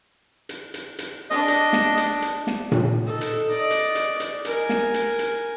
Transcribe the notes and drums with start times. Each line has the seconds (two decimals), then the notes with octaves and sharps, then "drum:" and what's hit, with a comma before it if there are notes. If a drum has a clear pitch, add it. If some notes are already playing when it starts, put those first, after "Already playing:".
0.49 drum: hi-hat
0.74 drum: hi-hat
0.99 drum: hi-hat
1.30 D4 D#5
1.48 drum: hi-hat
1.73 drum: snare
1.97 drum: hi-hat
2.22 drum: hi-hat
2.47 drum: snare
2.72 drum: tom A#2
3.03 D#4 A4
3.21 drum: hi-hat
3.50 D5 D#5
3.71 drum: hi-hat
3.95 drum: hi-hat
4.20 drum: hi-hat
4.45 A#4 G#5, drum: hi-hat
4.69 drum: snare
4.94 drum: hi-hat
5.19 drum: hi-hat